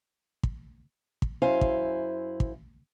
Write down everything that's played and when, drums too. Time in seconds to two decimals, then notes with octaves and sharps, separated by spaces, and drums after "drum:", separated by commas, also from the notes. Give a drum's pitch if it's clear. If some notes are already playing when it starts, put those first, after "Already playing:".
0.43 drum: kick
1.22 drum: kick
1.42 F#2 E4 C5 F5 G#5
1.61 drum: kick
2.40 drum: kick